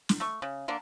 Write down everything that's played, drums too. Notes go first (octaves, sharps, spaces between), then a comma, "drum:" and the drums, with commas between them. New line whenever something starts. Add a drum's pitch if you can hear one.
drum: snare
A3 C#6
C#3
D3 A#3 D4